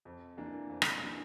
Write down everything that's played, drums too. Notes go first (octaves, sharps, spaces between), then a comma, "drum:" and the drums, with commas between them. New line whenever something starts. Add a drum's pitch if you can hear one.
F2
E3 A#3 D4
F2
drum: rim click
E3 A#3 D4